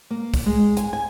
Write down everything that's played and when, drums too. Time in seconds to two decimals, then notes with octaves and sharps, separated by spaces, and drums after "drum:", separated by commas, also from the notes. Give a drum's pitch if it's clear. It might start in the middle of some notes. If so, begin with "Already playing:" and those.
0.11 A#3
0.34 drum: kick, open hi-hat
0.46 G#3
0.77 G#5, drum: hi-hat
0.93 G#5